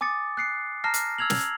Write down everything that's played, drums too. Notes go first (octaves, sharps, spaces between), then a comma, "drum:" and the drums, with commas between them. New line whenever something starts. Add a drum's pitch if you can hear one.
G#5 D6 D#6 A6 C#7
F#6 C7 C#7
A5 A#5 F6 A#6 C7
drum: hi-hat
E6 F6 G#6 F7 F#7
drum: snare